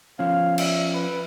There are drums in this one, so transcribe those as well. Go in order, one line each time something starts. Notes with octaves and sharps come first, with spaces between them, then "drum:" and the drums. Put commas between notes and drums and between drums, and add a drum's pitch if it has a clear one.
F3 C#4 F5
E5, drum: cymbal
B4